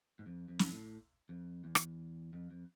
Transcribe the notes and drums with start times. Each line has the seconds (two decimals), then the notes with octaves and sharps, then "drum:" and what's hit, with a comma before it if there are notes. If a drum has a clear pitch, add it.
0.19 G#2
0.26 F2
0.48 F2
0.59 drum: snare
0.72 A2
1.29 F2
1.64 E2
1.75 drum: rim click
2.33 F2
2.51 F2